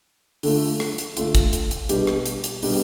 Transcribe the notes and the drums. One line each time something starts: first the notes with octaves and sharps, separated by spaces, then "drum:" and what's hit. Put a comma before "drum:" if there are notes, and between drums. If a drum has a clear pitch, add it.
D3 A3 D4 F4, drum: open hi-hat
drum: rim click
drum: hi-hat
D3 A3 D4 F4, drum: hi-hat
drum: kick, hi-hat
drum: hi-hat
drum: hi-hat
B2 G3 B3 D4 G4, drum: hi-hat
drum: rim click
drum: hi-hat
drum: hi-hat
B2 G3 B3 D4 G4, drum: open hi-hat